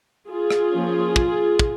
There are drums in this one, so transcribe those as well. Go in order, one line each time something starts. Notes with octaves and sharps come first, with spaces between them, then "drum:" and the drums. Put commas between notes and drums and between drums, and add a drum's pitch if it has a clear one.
F4 G#4
drum: rim click
F3 A#3 C#4
drum: kick
drum: kick